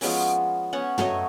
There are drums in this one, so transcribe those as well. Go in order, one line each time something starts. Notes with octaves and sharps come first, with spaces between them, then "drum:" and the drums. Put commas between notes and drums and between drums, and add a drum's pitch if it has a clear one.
F3 G#3 B3 C#4, drum: open hi-hat
B3 C#4 C#5 F#5
F#3 A3 C#5 D#5, drum: tom